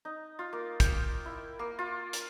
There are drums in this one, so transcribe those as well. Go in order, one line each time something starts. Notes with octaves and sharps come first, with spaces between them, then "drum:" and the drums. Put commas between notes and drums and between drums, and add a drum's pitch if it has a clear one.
D#4
F4
A#3
G5, drum: kick, hi-hat
E4
A#3
F4
drum: hi-hat